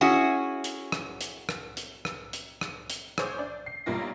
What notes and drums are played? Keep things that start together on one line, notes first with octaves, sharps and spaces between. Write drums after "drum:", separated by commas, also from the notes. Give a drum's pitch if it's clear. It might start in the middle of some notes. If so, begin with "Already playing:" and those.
C#4 E4 F#4 G#4
drum: hi-hat
drum: rim click
drum: hi-hat
drum: rim click
drum: hi-hat
drum: rim click
drum: hi-hat
drum: rim click
drum: hi-hat
G#4 C5 C#5 D6 G6, drum: rim click
D4 D5
C7
B1 G3 A#3 F4 A#6